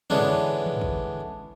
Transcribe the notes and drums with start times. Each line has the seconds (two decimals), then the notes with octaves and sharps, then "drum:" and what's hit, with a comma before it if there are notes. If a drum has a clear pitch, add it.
0.10 D3 E3 G#3 B3 C#4 D4, drum: tom
0.66 drum: tom
0.81 drum: kick